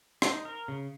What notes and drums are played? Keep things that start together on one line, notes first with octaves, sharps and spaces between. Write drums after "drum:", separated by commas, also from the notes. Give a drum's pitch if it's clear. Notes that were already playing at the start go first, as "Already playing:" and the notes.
D#4, drum: rim click
A#4
C#3